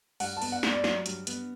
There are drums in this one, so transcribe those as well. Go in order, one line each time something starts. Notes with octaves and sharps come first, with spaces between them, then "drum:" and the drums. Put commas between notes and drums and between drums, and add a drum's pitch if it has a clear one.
G2 F#5, drum: open hi-hat
A5
B3, drum: open hi-hat
F#5
G2, drum: snare
D5
F#3, drum: snare
G2, drum: hi-hat
B3, drum: hi-hat